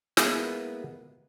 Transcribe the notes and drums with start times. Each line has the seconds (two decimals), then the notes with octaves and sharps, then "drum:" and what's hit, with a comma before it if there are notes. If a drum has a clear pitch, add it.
0.17 G#3 A#3 B3 E4 G#4 B4, drum: snare